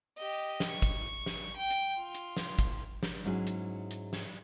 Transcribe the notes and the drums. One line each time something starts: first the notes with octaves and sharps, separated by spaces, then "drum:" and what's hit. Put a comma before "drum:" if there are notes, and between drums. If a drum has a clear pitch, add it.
G4 D#5
drum: snare
C#6
drum: kick, hi-hat
drum: snare
G5
drum: hi-hat
F4
drum: hi-hat
drum: snare
drum: kick, hi-hat
drum: snare
G#2 F#3 C#4 E4 G#4
drum: hi-hat
drum: hi-hat
drum: snare